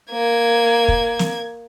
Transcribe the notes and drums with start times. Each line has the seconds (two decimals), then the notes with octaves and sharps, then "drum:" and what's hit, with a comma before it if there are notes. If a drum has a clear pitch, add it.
0.12 A#3 G#6
0.88 drum: kick
1.19 drum: snare